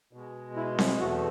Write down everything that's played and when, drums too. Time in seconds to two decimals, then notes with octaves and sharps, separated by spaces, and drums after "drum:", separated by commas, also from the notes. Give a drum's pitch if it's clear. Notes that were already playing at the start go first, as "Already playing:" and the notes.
0.13 B2 G#3
0.56 E4
0.79 E4, drum: snare C4
1.00 E2 B2 A3 F#4